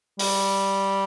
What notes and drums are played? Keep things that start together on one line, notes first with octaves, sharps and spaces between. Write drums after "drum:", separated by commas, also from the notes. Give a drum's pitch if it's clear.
G3, drum: open hi-hat